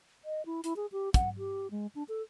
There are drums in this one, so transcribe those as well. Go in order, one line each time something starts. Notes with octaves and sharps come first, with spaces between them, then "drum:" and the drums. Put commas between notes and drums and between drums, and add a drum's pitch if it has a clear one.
D#5
E4
E4, drum: hi-hat
G#4
G4
F#5, drum: kick, hi-hat
G4
G#3
D4
A4